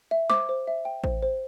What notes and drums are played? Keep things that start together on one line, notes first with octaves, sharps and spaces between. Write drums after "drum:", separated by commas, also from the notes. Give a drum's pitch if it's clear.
E5
C5 D6, drum: snare
C5
E5
G5
C5, drum: kick A1
C5